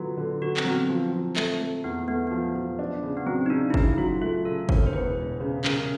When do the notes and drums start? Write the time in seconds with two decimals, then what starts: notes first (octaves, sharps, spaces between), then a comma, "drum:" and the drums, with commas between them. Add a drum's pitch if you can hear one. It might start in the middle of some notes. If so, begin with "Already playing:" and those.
Already playing: D3 F#3 B3 F4
0.17 D3
0.41 D3 F#4
0.57 C4, drum: clap
0.65 F#3 B3
0.73 C4
0.89 F3
1.12 F3
1.36 A3, drum: clap
1.60 A3
1.84 E2 B3
2.08 A3 B3
2.27 F3 B3
2.56 F3
2.79 D4
3.03 C#3
3.17 B3
3.26 F#3 C4
3.46 D#4
3.50 C#3 D4
3.70 E4
3.74 C#3 D#4, drum: kick
3.97 F#3 F4
4.22 A3 F4
4.45 C#3 A4
4.69 E1 A#4, drum: kick
4.86 C5
4.93 E2 B4
5.17 E1
5.40 C#3
5.64 C#3 A#4, drum: clap